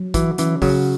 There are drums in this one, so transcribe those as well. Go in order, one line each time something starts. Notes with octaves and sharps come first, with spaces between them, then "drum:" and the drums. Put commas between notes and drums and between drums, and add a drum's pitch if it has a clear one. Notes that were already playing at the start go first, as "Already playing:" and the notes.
Already playing: F#3
E3 F#4, drum: kick, hi-hat
E3 C#4, drum: hi-hat
C#3 F#3 F#4, drum: kick, open hi-hat